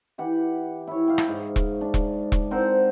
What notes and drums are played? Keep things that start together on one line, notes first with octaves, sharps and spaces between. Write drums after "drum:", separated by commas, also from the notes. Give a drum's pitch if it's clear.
E3 G4 F#5
E4 C#5
G4 F5
drum: rim click
G#2
drum: kick E1
D4
drum: kick E1
drum: kick E1
C4 A#4 C5 F#5